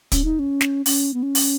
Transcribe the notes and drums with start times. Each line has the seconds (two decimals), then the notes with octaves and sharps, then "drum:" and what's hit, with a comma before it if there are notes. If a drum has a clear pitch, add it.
0.12 C#4, drum: kick, hi-hat
0.24 D#4
0.39 C#4
0.61 drum: snare
0.86 C#4, drum: open hi-hat
1.14 B3
1.23 C#4
1.35 drum: open hi-hat